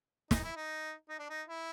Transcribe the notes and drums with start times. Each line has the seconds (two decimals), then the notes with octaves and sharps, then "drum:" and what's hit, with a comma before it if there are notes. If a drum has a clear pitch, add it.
0.31 D#4, drum: snare
0.43 E4
0.56 D#4
1.09 D#4
1.19 D4
1.30 D#4
1.48 E4